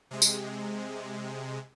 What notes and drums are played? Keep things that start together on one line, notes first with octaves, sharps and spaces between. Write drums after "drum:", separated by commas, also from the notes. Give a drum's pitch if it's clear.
C3 G#3
drum: tambourine